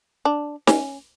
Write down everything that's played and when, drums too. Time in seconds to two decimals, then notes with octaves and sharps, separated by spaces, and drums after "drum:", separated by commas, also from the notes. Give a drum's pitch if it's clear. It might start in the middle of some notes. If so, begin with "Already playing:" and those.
0.25 D4
0.67 C#4, drum: snare